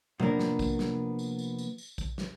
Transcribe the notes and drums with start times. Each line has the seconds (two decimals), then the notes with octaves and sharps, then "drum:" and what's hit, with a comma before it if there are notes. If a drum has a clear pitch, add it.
0.20 C3 F3 A#3 B3 D4 A#4, drum: tom A2
0.39 drum: snare
0.59 drum: kick A#1, tambourine
0.79 drum: snare
1.19 drum: tambourine
1.39 drum: tambourine
1.58 drum: tambourine
1.78 drum: tambourine
1.98 drum: kick A#1, tambourine
2.18 drum: snare